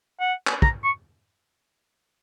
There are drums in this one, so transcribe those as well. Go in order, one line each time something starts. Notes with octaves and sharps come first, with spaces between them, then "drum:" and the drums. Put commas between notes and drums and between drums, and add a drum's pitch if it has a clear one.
F#5
drum: clap
A#5, drum: kick
C#6